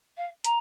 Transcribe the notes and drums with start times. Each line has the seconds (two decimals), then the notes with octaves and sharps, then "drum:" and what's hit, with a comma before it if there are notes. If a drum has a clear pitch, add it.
0.17 F5
0.44 A#5, drum: hi-hat